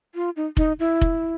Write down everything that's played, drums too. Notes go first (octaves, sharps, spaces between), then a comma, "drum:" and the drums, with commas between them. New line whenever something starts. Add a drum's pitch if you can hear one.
F4
D#4
D#4, drum: kick F1
E4
drum: kick F1